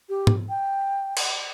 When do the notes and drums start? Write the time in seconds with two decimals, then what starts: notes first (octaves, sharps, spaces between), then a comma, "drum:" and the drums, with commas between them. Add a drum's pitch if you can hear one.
0.09 G4
0.27 drum: tom G#2
0.49 G5
1.17 drum: cymbal